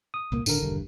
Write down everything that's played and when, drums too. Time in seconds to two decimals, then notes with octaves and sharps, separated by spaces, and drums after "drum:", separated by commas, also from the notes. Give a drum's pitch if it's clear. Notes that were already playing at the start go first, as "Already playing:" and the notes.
0.14 D#6
0.32 C2 A#2 A#3
0.46 G#1 A2 D3 D4 A#4, drum: tambourine
0.62 E1 G2